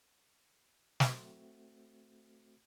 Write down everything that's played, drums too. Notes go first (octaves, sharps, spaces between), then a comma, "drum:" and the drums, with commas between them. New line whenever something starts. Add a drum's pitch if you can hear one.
A3 C4 F#4, drum: snare